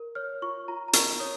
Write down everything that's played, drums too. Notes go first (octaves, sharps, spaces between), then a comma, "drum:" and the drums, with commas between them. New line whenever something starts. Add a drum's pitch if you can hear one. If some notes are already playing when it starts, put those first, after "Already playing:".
Already playing: A#4
C#5 F6
F4 C#6
F4 A#5
A#5
A#4 C#6, drum: hi-hat
C#5 D#6